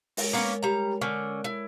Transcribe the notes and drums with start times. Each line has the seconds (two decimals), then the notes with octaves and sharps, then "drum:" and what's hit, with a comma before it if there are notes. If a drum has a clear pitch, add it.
0.17 G#3 A#4 C#5, drum: open hi-hat
0.33 A#3 B3 C#4
0.63 G3 A#5
1.01 D3 C#4
1.44 E4